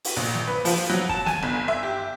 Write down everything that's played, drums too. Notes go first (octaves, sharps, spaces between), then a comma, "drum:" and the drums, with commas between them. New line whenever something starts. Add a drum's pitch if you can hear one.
drum: open hi-hat
A#1
drum: snare
B4
F3, drum: open hi-hat
F#3
A5, drum: kick
G#5, drum: snare
G1
E5
G4